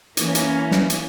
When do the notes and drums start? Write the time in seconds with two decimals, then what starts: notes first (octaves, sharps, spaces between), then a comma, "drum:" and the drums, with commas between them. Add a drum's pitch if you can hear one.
0.17 E3 A#3 C#4, drum: hi-hat
0.35 drum: hi-hat
0.71 drum: snare
0.90 drum: hi-hat